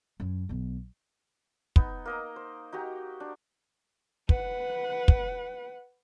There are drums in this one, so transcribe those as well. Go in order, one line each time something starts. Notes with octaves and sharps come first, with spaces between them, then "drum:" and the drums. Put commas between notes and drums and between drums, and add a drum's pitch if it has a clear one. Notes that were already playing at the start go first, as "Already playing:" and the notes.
F#2
B1 E3
B3 D#4, drum: kick
A#3 D#5 A#5
C5
D#4 F#4 G4 A#5
D4
B4 F#5, drum: kick
drum: kick